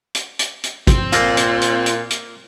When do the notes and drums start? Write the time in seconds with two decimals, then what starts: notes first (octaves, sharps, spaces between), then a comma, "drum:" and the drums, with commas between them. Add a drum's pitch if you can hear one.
0.15 drum: hi-hat
0.39 drum: hi-hat
0.64 drum: hi-hat
0.87 C4, drum: kick, hi-hat
1.13 A#2 A#3 F4 A4 A#4, drum: hi-hat
1.37 drum: hi-hat
1.61 drum: hi-hat
1.86 drum: hi-hat
2.10 drum: hi-hat